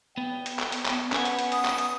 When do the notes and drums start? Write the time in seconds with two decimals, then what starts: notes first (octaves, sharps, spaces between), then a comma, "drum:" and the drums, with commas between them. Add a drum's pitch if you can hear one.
0.17 B3 G5
0.46 drum: hi-hat
0.59 drum: clap
0.72 drum: hi-hat
0.86 drum: clap
1.12 B3 C#4 G#5, drum: clap
1.25 drum: hi-hat
1.39 drum: hi-hat
1.52 D#6, drum: hi-hat
1.65 drum: clap
1.78 drum: hi-hat